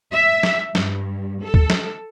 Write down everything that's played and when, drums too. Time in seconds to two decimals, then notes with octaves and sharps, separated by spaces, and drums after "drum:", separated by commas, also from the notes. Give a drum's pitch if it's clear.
0.12 E5
0.43 drum: snare
0.75 G2, drum: snare
1.43 A4
1.54 drum: kick
1.70 drum: snare